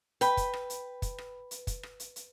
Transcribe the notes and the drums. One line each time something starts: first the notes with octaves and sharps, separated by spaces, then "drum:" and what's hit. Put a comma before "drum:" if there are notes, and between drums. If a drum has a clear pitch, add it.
B4 G5 B5, drum: hi-hat
drum: kick, hi-hat
drum: rim click
drum: hi-hat
drum: kick, hi-hat
drum: rim click
drum: hi-hat
drum: kick, hi-hat
drum: rim click
drum: hi-hat
drum: hi-hat